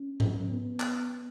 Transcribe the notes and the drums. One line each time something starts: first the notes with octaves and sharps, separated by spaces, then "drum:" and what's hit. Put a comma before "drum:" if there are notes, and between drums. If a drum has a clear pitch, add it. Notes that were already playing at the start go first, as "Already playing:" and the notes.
Already playing: C#4
drum: tom G#2
B3
drum: clap